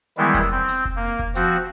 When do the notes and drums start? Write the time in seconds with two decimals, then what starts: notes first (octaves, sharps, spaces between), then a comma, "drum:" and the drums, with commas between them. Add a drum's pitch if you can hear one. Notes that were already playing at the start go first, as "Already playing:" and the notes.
0.17 D#3 E3 G3 G#3 B3 E4
0.34 drum: kick F1, hi-hat
0.51 C4
0.68 drum: hi-hat
0.85 drum: kick F1
0.96 A#3
1.19 drum: kick F1
1.35 F3 C4 F#4, drum: hi-hat